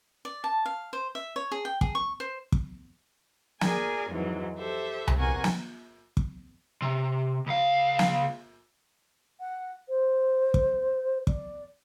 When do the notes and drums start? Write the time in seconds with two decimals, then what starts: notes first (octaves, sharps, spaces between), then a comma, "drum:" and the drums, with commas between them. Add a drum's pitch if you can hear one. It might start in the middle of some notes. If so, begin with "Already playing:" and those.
0.25 D5
0.44 A5
0.66 F5
0.93 C5
1.15 E5
1.36 C#5
1.52 G#4
1.65 G5
1.81 G#4, drum: kick
1.95 C#6
2.20 C5
2.52 drum: kick
3.61 G#4 A#4 D5 G#5, drum: snare
4.10 F2 G#2 E3 F#3
4.58 G4 A4 C5 E5
5.07 drum: tom C2
5.17 E2 C3 A#4 F#5 G#5 C#6
5.44 drum: snare
6.17 drum: kick
6.82 C3
7.47 C#2 F5
7.99 drum: snare
9.40 F#5
9.89 C5
10.54 drum: kick
11.27 D5, drum: kick